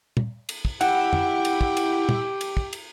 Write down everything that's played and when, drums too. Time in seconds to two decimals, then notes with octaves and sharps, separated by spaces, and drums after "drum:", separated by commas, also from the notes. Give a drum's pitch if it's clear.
0.17 drum: tom
0.49 drum: cymbal
0.65 drum: kick
0.81 E4 G4 F#5 G5, drum: cymbal
1.13 drum: tom
1.45 drum: cymbal
1.61 drum: kick
1.77 drum: cymbal
2.09 drum: tom
2.41 drum: cymbal
2.57 drum: kick
2.73 drum: cymbal